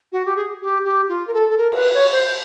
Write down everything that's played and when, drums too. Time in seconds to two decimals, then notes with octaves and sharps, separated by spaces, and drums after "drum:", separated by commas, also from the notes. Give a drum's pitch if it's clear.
0.12 F#4
0.25 G4
0.36 G#4
0.61 G4
0.84 G4
1.09 F4
1.27 A#4
1.34 A4
1.49 A4
1.57 A#4
1.72 A#4, drum: cymbal
1.76 B4
1.94 C#5
2.12 C5